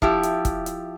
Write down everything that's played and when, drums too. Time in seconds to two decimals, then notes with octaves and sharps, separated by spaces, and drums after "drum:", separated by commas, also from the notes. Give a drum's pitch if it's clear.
0.02 F3 E4 G4, drum: kick
0.23 drum: hi-hat
0.45 drum: kick, hi-hat
0.66 drum: hi-hat